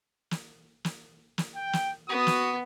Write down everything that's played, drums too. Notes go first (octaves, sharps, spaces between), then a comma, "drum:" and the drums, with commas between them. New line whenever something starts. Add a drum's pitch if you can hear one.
drum: snare
drum: snare
drum: snare
G5
drum: snare
B3 F#4 D#6
drum: snare